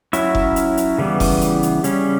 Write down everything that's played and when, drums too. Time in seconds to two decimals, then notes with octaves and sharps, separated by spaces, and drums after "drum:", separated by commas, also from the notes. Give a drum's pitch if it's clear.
0.13 F#3 C#4 E4 E5, drum: hi-hat
0.35 drum: kick F1
0.56 drum: hi-hat
0.77 drum: hi-hat
0.98 C#3 E3 G3 B3
1.20 drum: kick F1, open hi-hat
1.41 drum: hi-hat
1.63 drum: hi-hat
1.84 C#3 G3 C#4, drum: hi-hat